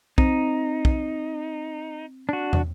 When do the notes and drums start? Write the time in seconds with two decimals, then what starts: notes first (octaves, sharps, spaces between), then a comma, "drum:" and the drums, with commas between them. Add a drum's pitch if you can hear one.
0.18 C4 D#4, drum: kick
0.85 drum: kick
2.29 D4 F#4
2.53 drum: tom